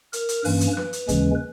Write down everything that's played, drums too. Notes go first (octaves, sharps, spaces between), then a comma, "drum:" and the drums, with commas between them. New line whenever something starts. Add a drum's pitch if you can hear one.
A#4, drum: hi-hat
drum: hi-hat
G2 E3 A#3 C#4 B4, drum: open hi-hat
drum: hi-hat
B4, drum: snare
drum: hi-hat
D#2 C#3 E3 G#3 C#4, drum: kick, hi-hat